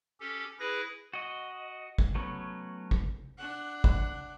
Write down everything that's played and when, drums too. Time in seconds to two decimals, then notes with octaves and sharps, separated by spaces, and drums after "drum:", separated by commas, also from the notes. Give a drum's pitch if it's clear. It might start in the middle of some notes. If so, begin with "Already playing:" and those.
0.20 C#4 G4 A4
0.60 E4 G#4 B4 A#6
1.13 F#4 D#5
1.98 drum: kick
2.15 F#3 A3 B3 C#4
2.91 drum: kick
3.38 D4 F#5
3.84 drum: kick